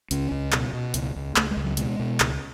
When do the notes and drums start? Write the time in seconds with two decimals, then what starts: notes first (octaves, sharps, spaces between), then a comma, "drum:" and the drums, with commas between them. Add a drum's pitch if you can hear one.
0.11 C#2 C#4, drum: hi-hat
0.31 C#2
0.52 B2, drum: clap
0.73 B2
0.94 C#2, drum: hi-hat
1.16 C#2
1.36 C#2 A3, drum: clap
1.51 G#3
1.57 C#2
1.64 F#3
1.77 B2 G#3, drum: hi-hat
1.99 B2
2.20 C#2, drum: clap